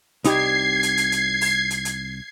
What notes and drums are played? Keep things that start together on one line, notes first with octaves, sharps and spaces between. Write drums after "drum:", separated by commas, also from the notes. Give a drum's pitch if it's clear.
C2 D#4 G4 G#6 C7, drum: hi-hat
drum: hi-hat
drum: hi-hat
drum: hi-hat
drum: open hi-hat
drum: hi-hat
drum: hi-hat